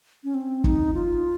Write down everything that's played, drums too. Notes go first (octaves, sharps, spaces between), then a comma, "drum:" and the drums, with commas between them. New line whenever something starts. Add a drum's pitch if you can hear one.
C#4
C4
D#4, drum: kick
F4